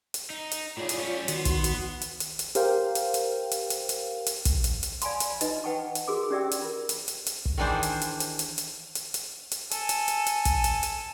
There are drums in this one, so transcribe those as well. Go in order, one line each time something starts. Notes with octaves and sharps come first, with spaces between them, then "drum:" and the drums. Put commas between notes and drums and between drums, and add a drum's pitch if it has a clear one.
drum: hi-hat
D#4
drum: hi-hat
A2 F4 G#4 C#5 D5
drum: hi-hat
G3 C#4
D#3 B3 F#4 C6, drum: hi-hat
drum: kick, hi-hat
drum: hi-hat
F#5
drum: hi-hat
drum: hi-hat
drum: hi-hat
G4 A#4 C5 F5 G5, drum: hi-hat
drum: hi-hat
drum: hi-hat
drum: hi-hat
drum: hi-hat
drum: hi-hat
drum: hi-hat
drum: kick, hi-hat
drum: hi-hat
drum: hi-hat
D5 F5 G#5 A5 B5 C6, drum: hi-hat
drum: hi-hat
D#4 F4 B4 D#5, drum: hi-hat
B4 F#5 G5 A5 C#6
drum: hi-hat
F#4 G#4 A#4 D6
C#4 G4 D5 E5 G5 E6
drum: hi-hat
F4 A#4
drum: hi-hat
drum: hi-hat
drum: hi-hat
drum: kick
D#3 E3 D4 G#4 C5
drum: hi-hat
drum: hi-hat
drum: hi-hat
drum: hi-hat
drum: hi-hat
drum: hi-hat
drum: hi-hat
drum: hi-hat
A4 G#5, drum: hi-hat
drum: hi-hat
drum: hi-hat
drum: hi-hat
drum: kick, hi-hat
drum: hi-hat
drum: hi-hat